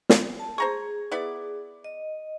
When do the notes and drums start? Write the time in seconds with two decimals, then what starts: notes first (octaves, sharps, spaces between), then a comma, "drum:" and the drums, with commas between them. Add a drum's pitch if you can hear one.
0.09 drum: snare
0.39 A5
0.58 G#4 C5 A#5 C#6
1.12 B3 E4 D5
1.84 D#5